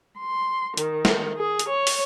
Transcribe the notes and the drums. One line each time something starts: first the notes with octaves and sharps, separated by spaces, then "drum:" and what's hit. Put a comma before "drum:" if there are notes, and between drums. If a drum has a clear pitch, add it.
C6
D#3, drum: hi-hat
drum: snare
G#4
drum: hi-hat
C#5
drum: open hi-hat